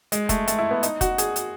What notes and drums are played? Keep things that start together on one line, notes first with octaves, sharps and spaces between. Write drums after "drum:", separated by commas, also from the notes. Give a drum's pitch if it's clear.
G#3, drum: hi-hat
A3, drum: kick F1, hi-hat
A3, drum: hi-hat
E4
B3
D#4, drum: hi-hat
F#4, drum: kick F1, hi-hat
G#4, drum: hi-hat
drum: hi-hat